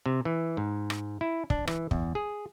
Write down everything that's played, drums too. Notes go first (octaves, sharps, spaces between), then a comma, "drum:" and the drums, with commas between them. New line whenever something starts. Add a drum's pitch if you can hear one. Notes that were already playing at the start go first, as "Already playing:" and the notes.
C3
E3
G#2
drum: rim click
E4
D4, drum: kick
E3, drum: rim click
E2, drum: kick
G#4